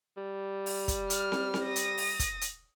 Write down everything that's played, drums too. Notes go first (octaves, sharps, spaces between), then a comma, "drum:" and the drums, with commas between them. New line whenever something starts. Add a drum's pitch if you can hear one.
G3
drum: open hi-hat
drum: kick, hi-hat
F6, drum: hi-hat
drum: snare
drum: snare
D#6 A#6
drum: hi-hat
drum: open hi-hat
drum: kick, hi-hat
drum: hi-hat